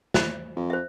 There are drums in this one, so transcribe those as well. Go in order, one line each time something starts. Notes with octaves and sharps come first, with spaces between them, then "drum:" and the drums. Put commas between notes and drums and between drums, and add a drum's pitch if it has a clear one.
C5 B5, drum: snare
F2
C5 E5